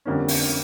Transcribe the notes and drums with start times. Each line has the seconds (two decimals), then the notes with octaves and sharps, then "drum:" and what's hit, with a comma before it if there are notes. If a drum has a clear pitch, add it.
0.05 F2 D3 G3 A#3 C#4
0.28 drum: open hi-hat